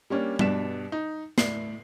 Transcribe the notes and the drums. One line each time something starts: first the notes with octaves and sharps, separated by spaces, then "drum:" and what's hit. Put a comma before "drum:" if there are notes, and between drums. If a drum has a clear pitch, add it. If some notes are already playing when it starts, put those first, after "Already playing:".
G3 A#3 C#4 D4
G2 B2 D4 B6 E7, drum: tom G3
D#4
A2 D5 C7, drum: snare